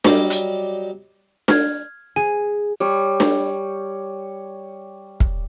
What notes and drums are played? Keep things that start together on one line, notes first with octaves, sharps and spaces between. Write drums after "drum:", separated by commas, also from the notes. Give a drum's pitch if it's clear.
F#3 G3 D5 D#5, drum: snare D4
drum: hi-hat
F6 G#6, drum: snare D4
G#4 G#5
G3 C#5
drum: snare D4
drum: kick